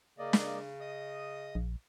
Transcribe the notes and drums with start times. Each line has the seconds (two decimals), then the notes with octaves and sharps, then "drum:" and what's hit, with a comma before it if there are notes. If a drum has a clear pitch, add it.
0.19 C#3 A#3 D5 D#5
0.33 drum: snare
0.80 D#5 D#6
1.55 A#1